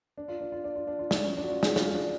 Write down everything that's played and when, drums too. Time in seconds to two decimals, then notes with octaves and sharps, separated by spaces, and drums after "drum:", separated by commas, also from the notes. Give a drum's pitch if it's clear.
0.18 D4
0.28 F4
0.41 D4
0.52 F4
0.64 D4
0.76 F4
0.87 D4
0.99 F4
1.11 D4, drum: snare
1.23 C#4
1.37 D4
1.44 F#4
1.50 F4
1.63 G#4, drum: snare
1.76 F4, drum: snare
1.94 D4